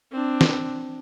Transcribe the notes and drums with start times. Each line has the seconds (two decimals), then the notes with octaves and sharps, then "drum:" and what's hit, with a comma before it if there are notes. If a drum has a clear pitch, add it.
0.12 C4 D4
0.41 drum: snare